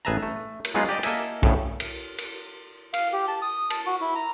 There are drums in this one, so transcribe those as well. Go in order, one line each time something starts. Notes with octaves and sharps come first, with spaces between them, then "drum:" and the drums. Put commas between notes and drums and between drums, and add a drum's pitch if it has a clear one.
A1 G#4 B4 E5 A5 A#5
A3
drum: cymbal
F#3 G#3 B3 D#4 F4 G#4
G4 D5 D#5
A#3 A4 D#5 E5 G#5, drum: cymbal
D2 A2 C#3, drum: kick
drum: cymbal
drum: cymbal
F5, drum: cymbal
G4
A5
D#6
A5, drum: cymbal
F#4
E4
A#5